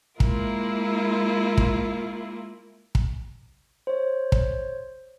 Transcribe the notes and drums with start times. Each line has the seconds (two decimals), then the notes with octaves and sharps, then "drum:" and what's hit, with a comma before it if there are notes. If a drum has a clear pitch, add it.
0.20 G#3 A#3 E4 F4 A#4, drum: kick
1.58 drum: kick
2.95 drum: kick
3.87 C5 C#5
4.32 drum: kick